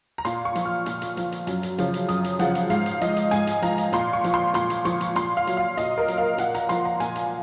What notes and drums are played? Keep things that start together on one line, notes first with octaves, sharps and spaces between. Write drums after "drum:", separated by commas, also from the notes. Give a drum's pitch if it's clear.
A#5
A#2 C6, drum: hi-hat
C#6
F3, drum: hi-hat
F6
A#2 F6, drum: hi-hat
drum: hi-hat
F3, drum: hi-hat
drum: hi-hat
F#2, drum: hi-hat
drum: hi-hat
C#3 F3, drum: hi-hat
drum: hi-hat
F#2 D#6, drum: hi-hat
drum: hi-hat
C#3 F3 F#5, drum: hi-hat
drum: hi-hat
G#2 F5, drum: hi-hat
drum: hi-hat
F3 D#5, drum: hi-hat
drum: hi-hat
G#2 G#5, drum: hi-hat
drum: hi-hat
F3 A#5, drum: hi-hat
drum: hi-hat
A#2 C6, drum: hi-hat
C#6
F3, drum: hi-hat
C6
A#2 C6, drum: hi-hat
drum: hi-hat
F3 C#6, drum: hi-hat
drum: hi-hat
A#2 C6, drum: hi-hat
F5
F#3, drum: hi-hat
F5
A#2 D#5, drum: hi-hat
A#4
F#3, drum: hi-hat
F5
A#2 F#5, drum: hi-hat
A#5, drum: hi-hat
F3 C6, drum: hi-hat
A#5
A#2 G#5, drum: hi-hat
drum: hi-hat